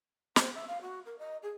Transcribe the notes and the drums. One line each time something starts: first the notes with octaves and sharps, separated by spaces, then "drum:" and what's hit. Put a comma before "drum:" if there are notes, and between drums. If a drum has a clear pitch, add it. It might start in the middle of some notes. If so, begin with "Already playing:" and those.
C4, drum: snare
E5
F5
F#4
A#4
D#5
G#4